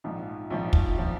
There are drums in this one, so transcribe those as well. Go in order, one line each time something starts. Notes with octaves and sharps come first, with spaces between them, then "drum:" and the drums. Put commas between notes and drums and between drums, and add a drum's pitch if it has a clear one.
A#1 G#2 F3
A#1 G#2 F3
drum: kick
F3